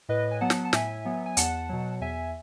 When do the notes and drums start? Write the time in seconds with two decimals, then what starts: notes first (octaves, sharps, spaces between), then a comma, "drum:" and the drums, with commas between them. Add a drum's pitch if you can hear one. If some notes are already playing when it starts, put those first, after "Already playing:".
0.09 A2 B4 D#5
0.31 G#5
0.41 F#3 B3 F#5 A5
0.50 drum: snare
0.65 A5
0.73 A2 E5 G#5, drum: snare
1.05 F#3 B3
1.26 G#5
1.37 E2 F#5 A5, drum: hi-hat
1.69 B2 F#3
2.01 E2 E5 G#5